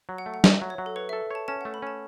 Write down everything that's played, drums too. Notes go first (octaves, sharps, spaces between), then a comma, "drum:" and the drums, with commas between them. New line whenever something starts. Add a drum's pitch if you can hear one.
F#3
F#5
A3
F#5
F#3 E5, drum: snare G3
F#3
C#5
F#3
A4
B4 C#5
A4 E5
C#5 A5
C#4 A5
F#5
A3
B5
C#4 A5